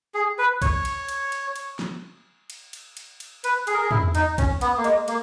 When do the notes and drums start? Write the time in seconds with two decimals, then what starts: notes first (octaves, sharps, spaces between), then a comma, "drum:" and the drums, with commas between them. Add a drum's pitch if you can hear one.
0.14 G#4
0.39 B4
0.62 C#5, drum: kick A#1, cymbal
0.85 drum: cymbal
1.09 drum: cymbal
1.32 drum: cymbal
1.56 drum: cymbal
1.79 drum: snare
2.50 drum: cymbal
2.73 drum: cymbal
2.97 drum: cymbal
3.20 drum: cymbal
3.44 B4, drum: cymbal
3.67 G#4, drum: cymbal
3.74 A#4
3.83 G#4
3.91 E4, drum: tom
4.15 D#4, drum: cymbal
4.38 C#4, drum: kick A#1, cymbal
4.61 B3, drum: cymbal
4.78 A#3
4.84 G#3, drum: cymbal
5.08 A#3, drum: cymbal